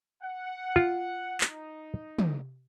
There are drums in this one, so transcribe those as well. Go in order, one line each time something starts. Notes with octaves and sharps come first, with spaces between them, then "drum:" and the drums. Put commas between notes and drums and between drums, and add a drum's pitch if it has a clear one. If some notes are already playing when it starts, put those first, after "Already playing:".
F#5
F4
D#4, drum: clap
drum: tom